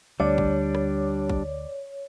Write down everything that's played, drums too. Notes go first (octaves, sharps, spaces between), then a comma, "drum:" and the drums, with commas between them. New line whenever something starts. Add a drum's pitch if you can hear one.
D2 G3 A3 D4 C#5 D5
drum: kick
drum: rim click
drum: kick